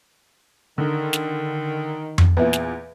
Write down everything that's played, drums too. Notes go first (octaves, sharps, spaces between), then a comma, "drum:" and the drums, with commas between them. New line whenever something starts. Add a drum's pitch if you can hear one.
D3 D#3
drum: snare
drum: tom F2
E2 A#2 B4 E5
drum: snare